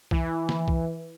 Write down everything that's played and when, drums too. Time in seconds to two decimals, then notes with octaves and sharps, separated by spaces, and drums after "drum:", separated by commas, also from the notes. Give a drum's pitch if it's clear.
0.11 E3, drum: kick C2
0.49 drum: snare
0.68 drum: kick C2